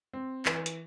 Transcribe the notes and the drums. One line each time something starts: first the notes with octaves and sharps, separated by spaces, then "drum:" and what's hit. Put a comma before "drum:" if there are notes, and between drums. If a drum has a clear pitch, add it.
C4
E3, drum: clap
drum: hi-hat